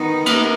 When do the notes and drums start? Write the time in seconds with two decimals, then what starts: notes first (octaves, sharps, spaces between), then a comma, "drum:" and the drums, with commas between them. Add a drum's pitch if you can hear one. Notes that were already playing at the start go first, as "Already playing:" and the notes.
Already playing: D#3 B3 D#4
0.26 A#3, drum: cymbal